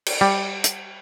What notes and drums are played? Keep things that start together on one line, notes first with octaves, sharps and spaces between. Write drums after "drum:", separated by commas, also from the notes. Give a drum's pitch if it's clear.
drum: cymbal
G3
drum: hi-hat